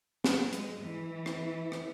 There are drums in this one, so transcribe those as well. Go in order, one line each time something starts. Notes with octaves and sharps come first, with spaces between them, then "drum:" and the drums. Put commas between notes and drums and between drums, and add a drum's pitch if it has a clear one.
F#3, drum: snare
G#3, drum: hi-hat
E3
drum: rim click
drum: rim click